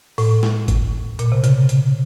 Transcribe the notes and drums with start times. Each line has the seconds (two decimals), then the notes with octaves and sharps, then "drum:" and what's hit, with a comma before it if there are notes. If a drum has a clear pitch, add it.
0.18 A2, drum: open hi-hat
0.43 drum: snare
0.68 drum: kick G1, hi-hat
1.19 A#2, drum: hi-hat
1.32 C3
1.44 C#3, drum: hi-hat
1.69 drum: hi-hat